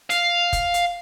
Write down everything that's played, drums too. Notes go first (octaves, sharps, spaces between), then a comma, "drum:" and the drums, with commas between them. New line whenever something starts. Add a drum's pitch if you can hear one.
F5, drum: hi-hat
drum: kick F1, hi-hat
drum: hi-hat